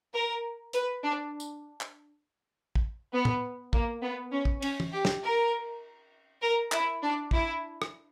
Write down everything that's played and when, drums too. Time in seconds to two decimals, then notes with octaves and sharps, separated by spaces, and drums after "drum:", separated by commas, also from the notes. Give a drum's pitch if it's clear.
0.13 A#4
0.73 B4, drum: hi-hat
1.03 D4
1.40 drum: tambourine
1.81 drum: clap
2.75 drum: kick
3.13 B3
3.25 drum: tom A2
3.73 A#3, drum: kick
4.02 B3
4.32 C#4
4.45 drum: kick
4.62 C#4, drum: cymbal
4.80 drum: tom
4.92 G4
5.05 drum: snare
5.23 A#4
6.42 A#4
6.72 E4, drum: clap
7.02 D4
7.31 E4, drum: kick
7.82 drum: rim click